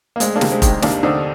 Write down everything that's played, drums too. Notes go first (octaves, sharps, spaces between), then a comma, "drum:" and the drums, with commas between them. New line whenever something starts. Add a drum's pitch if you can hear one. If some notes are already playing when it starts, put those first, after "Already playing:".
A#3
D2 G#3 C4, drum: hi-hat
A#3 D4
C3, drum: snare
G#3 C4
D#3, drum: kick F1, hi-hat
G#3 C4
D#2 A#3 D4, drum: snare
D3 C4 D#4